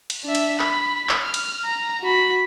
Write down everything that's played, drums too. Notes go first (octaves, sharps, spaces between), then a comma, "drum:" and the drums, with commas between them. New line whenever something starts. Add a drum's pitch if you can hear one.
drum: cymbal
D4 E5
drum: cymbal
B5, drum: clap
drum: clap
F6
drum: cymbal
A#5
F#4 B5